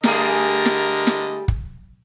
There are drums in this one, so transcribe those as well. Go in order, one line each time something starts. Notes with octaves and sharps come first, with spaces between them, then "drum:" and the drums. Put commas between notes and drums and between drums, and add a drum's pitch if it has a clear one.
D3 G3 A3 G#4 A#4 D#5, drum: snare
drum: snare
drum: snare
drum: kick